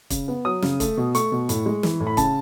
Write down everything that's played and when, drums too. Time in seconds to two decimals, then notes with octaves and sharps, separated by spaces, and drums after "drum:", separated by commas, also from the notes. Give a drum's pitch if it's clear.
0.10 C#3, drum: kick, hi-hat
0.28 B3
0.45 F#3 D#6
0.62 C#3, drum: snare
0.80 A3, drum: kick, hi-hat
0.97 B2
1.15 A3 C#6, drum: hi-hat
1.32 B2
1.49 A2, drum: hi-hat
1.66 G#3
1.83 E3, drum: snare
2.00 A2
2.07 B5
2.17 C#3 A5, drum: kick, hi-hat